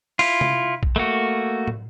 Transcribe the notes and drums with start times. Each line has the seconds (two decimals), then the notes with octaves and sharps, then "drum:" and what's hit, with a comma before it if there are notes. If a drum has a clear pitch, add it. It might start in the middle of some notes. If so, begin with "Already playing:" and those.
0.19 E4 F4, drum: open hi-hat
0.41 drum: tom C3
0.83 drum: kick
0.96 A3 A#3 F#4
1.68 drum: tom